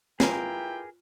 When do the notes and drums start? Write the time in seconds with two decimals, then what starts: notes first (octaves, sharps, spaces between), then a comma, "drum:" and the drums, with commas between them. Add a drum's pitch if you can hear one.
0.20 E4 F4 G4 G#4 A#4 B4 G5 G#5, drum: snare